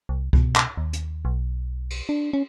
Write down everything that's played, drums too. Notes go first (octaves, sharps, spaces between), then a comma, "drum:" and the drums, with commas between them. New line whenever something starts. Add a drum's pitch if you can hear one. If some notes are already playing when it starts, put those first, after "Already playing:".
C2
B2, drum: kick C2
drum: clap
D#2
drum: hi-hat
B1
drum: cymbal
D4
C#4